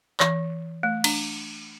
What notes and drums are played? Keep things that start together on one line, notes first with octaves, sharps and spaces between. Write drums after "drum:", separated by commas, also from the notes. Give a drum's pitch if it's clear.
E3, drum: clap
A3
D4, drum: cymbal